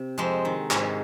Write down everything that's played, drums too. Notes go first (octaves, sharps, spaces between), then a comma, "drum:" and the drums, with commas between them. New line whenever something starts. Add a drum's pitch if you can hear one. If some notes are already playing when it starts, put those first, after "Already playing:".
Already playing: C3
F2 G#3 C4
D#3
G#2, drum: clap